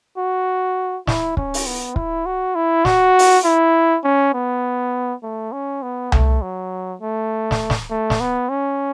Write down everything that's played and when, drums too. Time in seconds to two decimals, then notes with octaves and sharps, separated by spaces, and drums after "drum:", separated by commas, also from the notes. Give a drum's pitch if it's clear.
0.18 F#4
1.07 E4, drum: snare
1.37 C#4, drum: kick
1.54 drum: open hi-hat
1.66 B3
1.96 E4, drum: kick
2.26 F#4
2.55 E4
2.85 F#4, drum: snare
3.19 drum: open hi-hat
3.45 E4
4.04 C#4
4.34 B3
5.23 A3
5.52 C#4
5.82 B3
6.12 A3, drum: tom C2
6.42 F#3
7.01 A3
7.51 drum: snare
7.70 drum: snare
7.90 A3
8.10 drum: snare
8.20 B3
8.49 C#4